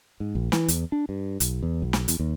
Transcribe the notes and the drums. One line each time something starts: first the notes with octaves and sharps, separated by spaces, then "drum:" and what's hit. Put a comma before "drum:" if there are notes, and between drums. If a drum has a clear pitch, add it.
G#2
A#1
E3, drum: snare
E2, drum: hi-hat
D4
G2
B1, drum: hi-hat
E2
B1
drum: snare
E2, drum: hi-hat
D#2